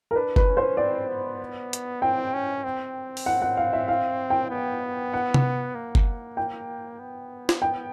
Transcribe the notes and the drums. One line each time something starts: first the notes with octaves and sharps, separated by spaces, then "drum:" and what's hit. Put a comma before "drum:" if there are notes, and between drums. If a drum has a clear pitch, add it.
A#4
D4 B4
B4, drum: kick F#1
C#4
C5
C4 D5
B3
drum: hi-hat
C4 G5
C#4
C4
drum: open hi-hat
F#5
F#5
F5
E5
F5
G5
B3
F#5
drum: tom C3
A#3
drum: kick F#1
G5
B3
drum: snare
G5